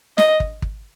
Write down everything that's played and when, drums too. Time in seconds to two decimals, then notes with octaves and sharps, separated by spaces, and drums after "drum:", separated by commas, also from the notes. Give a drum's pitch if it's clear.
0.18 D#5, drum: snare
0.40 drum: kick
0.62 drum: kick